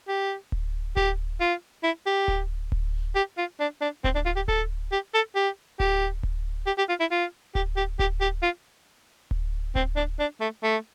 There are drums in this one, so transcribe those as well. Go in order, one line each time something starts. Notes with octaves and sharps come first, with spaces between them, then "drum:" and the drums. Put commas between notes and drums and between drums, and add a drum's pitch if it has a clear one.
G4
drum: kick D1
G4, drum: kick D1
F4
E4
G4
drum: kick D1
drum: kick D1
G4
F4
D4
D4
C4, drum: kick D1
D4
F4
G4
A4, drum: kick D1
G4
A4
G4
G4, drum: kick D1
drum: kick D1
G4
G4
F4
E4
F4
G4, drum: kick D1
G4
G4, drum: kick D1
G4
F4
drum: kick D1
C4, drum: kick D1
D4
D4
A3
A3